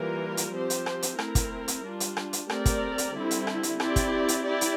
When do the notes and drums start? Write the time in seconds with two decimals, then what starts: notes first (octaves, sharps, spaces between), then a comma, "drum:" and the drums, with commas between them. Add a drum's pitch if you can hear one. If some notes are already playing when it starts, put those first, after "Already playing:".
Already playing: E3 G3 A#3 F4 A#4
0.37 drum: hi-hat
0.53 F3 C4 G4 C5
0.70 drum: hi-hat
0.86 drum: rim click
1.02 drum: hi-hat
1.19 A3 C4 E4 A#4, drum: rim click
1.35 drum: kick, hi-hat
1.68 drum: hi-hat
1.85 G3 D4 F4
2.00 drum: hi-hat
2.17 drum: rim click
2.33 drum: hi-hat
2.50 A3 C4 G4 A#4 D5, drum: rim click
2.65 drum: kick, hi-hat
2.98 drum: hi-hat
3.14 D3 G3 C4 E4
3.31 drum: hi-hat
3.47 drum: rim click
3.63 drum: hi-hat
3.80 C4 E4 G4 D5, drum: rim click
3.96 drum: kick, hi-hat
4.28 drum: hi-hat
4.45 E4 G4 D5
4.61 drum: hi-hat